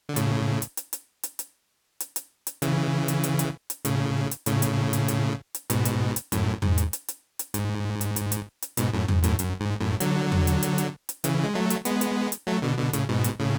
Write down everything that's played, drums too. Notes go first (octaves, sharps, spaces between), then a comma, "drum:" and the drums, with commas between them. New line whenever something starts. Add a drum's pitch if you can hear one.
D3
A2 C#3, drum: hi-hat
drum: hi-hat
drum: hi-hat
drum: hi-hat
drum: hi-hat
drum: hi-hat
drum: hi-hat
drum: hi-hat
drum: hi-hat
C#3 E3, drum: hi-hat
drum: hi-hat
drum: hi-hat
drum: hi-hat
drum: hi-hat
A2 C#3, drum: hi-hat
drum: hi-hat
A2 C#3, drum: hi-hat
drum: hi-hat
drum: hi-hat
drum: hi-hat
drum: hi-hat
G#2 B2, drum: hi-hat
drum: hi-hat
drum: hi-hat
F#2 A2, drum: hi-hat
G#2, drum: tom E2
drum: hi-hat
drum: hi-hat
drum: hi-hat
drum: hi-hat
G#2, drum: hi-hat
drum: hi-hat
drum: hi-hat
drum: hi-hat
drum: hi-hat
G#2 B2, drum: hi-hat
F#2 A2
G#2, drum: tom E2
F#2 A2, drum: hi-hat
F#2, drum: hi-hat
G#2
F#2 A2
D3 F#3, drum: hi-hat
drum: tom E2
drum: hi-hat
drum: hi-hat
drum: hi-hat
drum: hi-hat
C#3 E3, drum: hi-hat
G#3
F#3 A3
drum: hi-hat
G#3 B3, drum: hi-hat
drum: hi-hat
drum: hi-hat
F#3 A3
B2 D3
B2 D3
A2 C#3, drum: hi-hat
G#2 B2
drum: hi-hat
A2 C#3